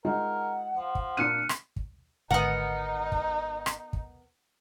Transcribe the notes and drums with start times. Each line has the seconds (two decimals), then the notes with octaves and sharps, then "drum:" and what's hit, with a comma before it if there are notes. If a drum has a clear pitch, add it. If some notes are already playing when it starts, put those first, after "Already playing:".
0.05 G#3 D#4 F4 A#4 F#5
0.77 F3
0.95 drum: kick
1.17 A#2 D4 F6 F#6 C#7 D#7
1.49 drum: rim click
1.76 drum: kick
2.31 G#1 G#2 D3 B3 D#4 A#4 F#5
3.12 drum: kick
3.66 drum: rim click
3.93 drum: kick